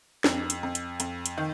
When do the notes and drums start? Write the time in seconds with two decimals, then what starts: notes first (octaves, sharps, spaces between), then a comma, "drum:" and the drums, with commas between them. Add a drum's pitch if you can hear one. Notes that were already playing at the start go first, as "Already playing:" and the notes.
0.24 F2, drum: snare
0.50 drum: hi-hat
0.63 F2
0.75 drum: hi-hat
1.00 F2, drum: hi-hat
1.26 drum: hi-hat
1.38 D#3